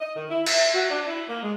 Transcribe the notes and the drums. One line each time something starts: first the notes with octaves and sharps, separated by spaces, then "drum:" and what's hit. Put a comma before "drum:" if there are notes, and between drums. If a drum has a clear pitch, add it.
D#5
D#3
E4
E5, drum: cymbal
F#4
D4
E4
A#3
G#3